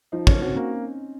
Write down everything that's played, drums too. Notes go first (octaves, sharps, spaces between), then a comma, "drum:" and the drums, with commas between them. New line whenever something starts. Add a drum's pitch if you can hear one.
F3 D#4
C#4, drum: kick
C4 F#4
A#3 C#4